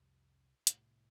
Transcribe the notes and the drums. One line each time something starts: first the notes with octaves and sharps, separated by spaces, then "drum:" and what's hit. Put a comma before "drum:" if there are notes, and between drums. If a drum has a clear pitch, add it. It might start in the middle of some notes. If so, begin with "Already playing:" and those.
Already playing: C2 F2 C3 F3
C2 A2 C3 A3, drum: hi-hat